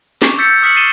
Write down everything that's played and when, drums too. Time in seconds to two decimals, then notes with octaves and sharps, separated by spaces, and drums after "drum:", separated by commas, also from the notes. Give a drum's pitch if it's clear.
0.22 C#6 D6, drum: snare
0.38 D6 E6 G6 A6 B6 C#7
0.63 D#6 F6 B6 C#7 F#7
0.75 A6 C7 D#7 E7 G7